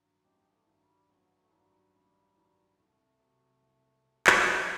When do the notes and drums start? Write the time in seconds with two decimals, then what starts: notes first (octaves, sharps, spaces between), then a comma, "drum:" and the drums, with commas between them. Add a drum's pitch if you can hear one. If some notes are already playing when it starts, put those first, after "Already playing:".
Already playing: A1 G2 D#3 F#3
0.24 A1 D#4 G4
0.52 A3
0.67 G2 D#3 F#3
0.80 G3
1.08 A1 F#3
1.40 A3
1.50 G2 D#3 F#3 G3
1.92 A1 G3
2.35 G2 D#3 F#3
2.77 C2 A3
3.20 C3 F#3
3.61 C2
4.03 C3 F#3
4.27 drum: clap
4.46 C2